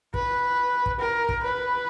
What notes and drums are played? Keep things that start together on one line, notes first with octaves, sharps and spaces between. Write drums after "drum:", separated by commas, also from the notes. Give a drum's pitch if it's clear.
B4, drum: kick
drum: kick
A#4
drum: kick
B4